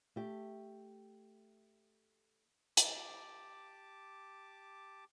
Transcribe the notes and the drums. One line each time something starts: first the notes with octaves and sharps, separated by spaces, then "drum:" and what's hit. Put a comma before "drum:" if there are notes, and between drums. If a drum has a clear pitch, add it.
A3 G4
G4 A5 D6, drum: hi-hat